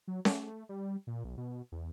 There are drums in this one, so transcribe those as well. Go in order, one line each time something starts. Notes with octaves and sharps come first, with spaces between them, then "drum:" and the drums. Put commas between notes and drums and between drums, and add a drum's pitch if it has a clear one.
F#3
A3, drum: snare C#4
G3
A#2
B1
B2
E2